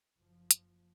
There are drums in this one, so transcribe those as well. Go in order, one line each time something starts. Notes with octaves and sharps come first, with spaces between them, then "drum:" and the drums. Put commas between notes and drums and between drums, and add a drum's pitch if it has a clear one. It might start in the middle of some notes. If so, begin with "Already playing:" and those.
F#1 F3
drum: hi-hat